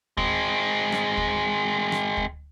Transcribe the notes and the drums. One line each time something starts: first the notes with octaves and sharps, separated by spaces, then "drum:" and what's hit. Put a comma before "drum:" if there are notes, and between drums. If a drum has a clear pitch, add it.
G#3 C4, drum: kick D2
drum: rim click
drum: kick D2
drum: rim click
drum: kick D2